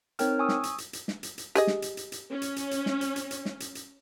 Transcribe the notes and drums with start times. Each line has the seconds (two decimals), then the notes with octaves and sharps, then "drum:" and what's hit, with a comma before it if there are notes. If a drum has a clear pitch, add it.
0.19 C4 D#4 A#4 C#5 G5 F6, drum: hi-hat
0.39 G#5 C#6 D#6 E6
0.49 drum: snare
0.63 drum: hi-hat
0.78 drum: hi-hat
0.93 drum: hi-hat
1.08 drum: snare
1.23 drum: hi-hat
1.38 drum: hi-hat
1.55 G4 G#4 D#5, drum: hi-hat
1.67 drum: snare
1.82 drum: hi-hat
1.97 drum: hi-hat
2.12 drum: hi-hat
2.31 C#4
2.42 drum: hi-hat
2.56 drum: hi-hat
2.71 drum: hi-hat
2.86 drum: snare
3.01 drum: hi-hat
3.16 drum: hi-hat
3.31 drum: hi-hat
3.45 drum: snare
3.60 drum: hi-hat
3.75 drum: hi-hat